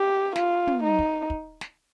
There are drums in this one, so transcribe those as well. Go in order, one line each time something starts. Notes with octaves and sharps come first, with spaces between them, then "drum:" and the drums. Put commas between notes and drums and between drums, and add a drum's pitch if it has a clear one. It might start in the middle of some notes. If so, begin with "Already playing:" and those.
Already playing: G4
F4, drum: snare
drum: tom
D#4
drum: kick
drum: kick
drum: snare